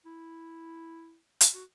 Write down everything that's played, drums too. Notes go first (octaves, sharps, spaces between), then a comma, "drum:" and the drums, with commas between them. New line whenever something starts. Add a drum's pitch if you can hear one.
E4
drum: hi-hat
F#4